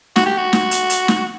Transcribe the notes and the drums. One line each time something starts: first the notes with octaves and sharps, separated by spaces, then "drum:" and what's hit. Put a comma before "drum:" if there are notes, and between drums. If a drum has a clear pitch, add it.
F#4, drum: snare
G4
F#4
drum: snare
drum: hi-hat
drum: hi-hat
drum: snare